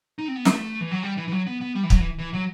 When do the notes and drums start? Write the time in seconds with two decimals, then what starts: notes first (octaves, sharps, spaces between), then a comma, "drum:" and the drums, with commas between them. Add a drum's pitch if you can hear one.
0.18 D#4
0.28 C4
0.36 B3
0.45 A3, drum: snare
0.80 E3
0.91 F#3
1.03 G3
1.17 E3
1.28 E3
1.32 F#3
1.47 B3
1.61 B3
1.75 G3
1.83 E3
1.90 F#3, drum: kick
2.00 E3
2.18 E3
2.33 F#3